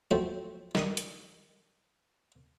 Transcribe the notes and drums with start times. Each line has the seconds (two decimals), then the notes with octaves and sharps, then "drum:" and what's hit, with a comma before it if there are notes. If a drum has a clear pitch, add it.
0.11 F3 F#3 A3 C4 C5
0.75 D#3 D#6, drum: snare
0.97 drum: hi-hat